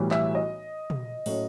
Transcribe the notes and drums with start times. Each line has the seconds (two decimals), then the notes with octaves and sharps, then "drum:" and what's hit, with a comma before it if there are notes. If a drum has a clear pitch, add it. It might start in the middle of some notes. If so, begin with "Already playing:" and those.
Already playing: B1 A2 E3 G3
0.11 E5, drum: clap
0.35 D#5
0.90 drum: tom
1.26 A2 F#3 A3 C#4, drum: open hi-hat